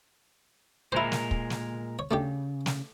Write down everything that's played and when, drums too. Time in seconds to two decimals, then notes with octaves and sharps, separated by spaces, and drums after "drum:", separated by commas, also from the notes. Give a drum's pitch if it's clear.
0.92 A#2 G#3 E4 A#4 C5
1.12 drum: snare
1.31 drum: kick
1.50 drum: snare
1.99 C#5
2.11 C#3 A3 D4 G4
2.66 drum: snare